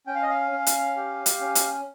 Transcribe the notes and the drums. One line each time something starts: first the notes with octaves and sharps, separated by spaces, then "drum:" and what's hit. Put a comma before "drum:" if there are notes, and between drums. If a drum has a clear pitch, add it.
C#4 G5
F5
D#5
F5
C#4
drum: hi-hat
G4
drum: hi-hat
C#4
drum: hi-hat